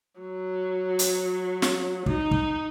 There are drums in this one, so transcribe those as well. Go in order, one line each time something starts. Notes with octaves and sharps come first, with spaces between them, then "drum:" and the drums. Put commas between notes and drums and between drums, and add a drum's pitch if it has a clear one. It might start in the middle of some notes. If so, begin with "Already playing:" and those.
F#3
drum: hi-hat
drum: snare
D#4, drum: kick
drum: kick